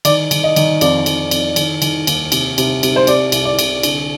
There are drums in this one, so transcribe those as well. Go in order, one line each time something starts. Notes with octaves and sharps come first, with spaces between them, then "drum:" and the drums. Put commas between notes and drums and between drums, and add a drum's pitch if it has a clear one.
D#3 D5, drum: cymbal
D#3, drum: cymbal
D#5
D#3, drum: cymbal
F2 D5, drum: cymbal
F2, drum: cymbal
F2, drum: cymbal
D#3, drum: cymbal
D#3, drum: cymbal
D#2, drum: cymbal
C3, drum: cymbal
C3, drum: cymbal
C3, drum: cymbal
C5
C3 D5, drum: cymbal
C2, drum: cymbal
D5
C2, drum: cymbal
D3, drum: cymbal